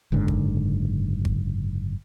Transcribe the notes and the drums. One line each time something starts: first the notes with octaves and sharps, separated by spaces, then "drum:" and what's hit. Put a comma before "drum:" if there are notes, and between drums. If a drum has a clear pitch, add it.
F#1 G#2 D3
drum: kick G#1
drum: kick G#1